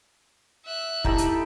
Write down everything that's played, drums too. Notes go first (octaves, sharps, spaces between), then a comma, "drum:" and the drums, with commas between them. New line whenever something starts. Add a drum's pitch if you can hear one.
E5 F#6
D#4 E4 G4 A4, drum: kick
drum: hi-hat